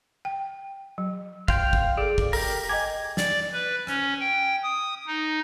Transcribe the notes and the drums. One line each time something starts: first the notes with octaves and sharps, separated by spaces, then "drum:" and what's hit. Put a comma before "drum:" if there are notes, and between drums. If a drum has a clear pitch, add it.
G5
F#3
F5 G5 C6, drum: kick
drum: kick
G#4 A4 D5
drum: kick
G4 A4 A#4, drum: open hi-hat
D#5 G5 G#5 D6
D5, drum: snare
B4
C#4, drum: rim click
G5
D#6
D#4